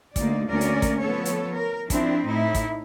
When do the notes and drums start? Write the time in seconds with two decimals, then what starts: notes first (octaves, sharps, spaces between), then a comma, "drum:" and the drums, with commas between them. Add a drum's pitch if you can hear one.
0.16 D2 A#3 D#4 D5, drum: kick, hi-hat
0.49 D2 A#3 C#4 A#4 D5
0.61 drum: hi-hat
0.82 drum: kick, hi-hat
1.01 F3 B3 A4 C#5
1.25 drum: hi-hat
1.53 A#4
1.90 F3 C4 D4 E4, drum: kick, hi-hat
2.26 A2 D#4 E4
2.55 drum: kick, hi-hat